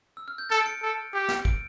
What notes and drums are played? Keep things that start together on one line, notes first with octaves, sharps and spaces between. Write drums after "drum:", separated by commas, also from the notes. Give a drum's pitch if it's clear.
E6
F6
G6
A4 A6
D7
C#7
A4
G4
drum: snare
D7, drum: kick